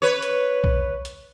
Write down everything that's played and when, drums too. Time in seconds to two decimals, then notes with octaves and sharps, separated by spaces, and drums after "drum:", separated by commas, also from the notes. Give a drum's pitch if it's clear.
0.02 B4 C#5
0.22 drum: hi-hat
0.64 drum: kick B1
1.05 drum: hi-hat